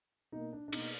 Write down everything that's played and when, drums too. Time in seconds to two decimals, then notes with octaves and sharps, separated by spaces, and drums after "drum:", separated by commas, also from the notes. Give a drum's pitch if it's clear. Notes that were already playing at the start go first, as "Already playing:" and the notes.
0.32 B2 A#3 D#4
0.53 D4
0.68 D4
0.73 B2 A#3 D#4, drum: cymbal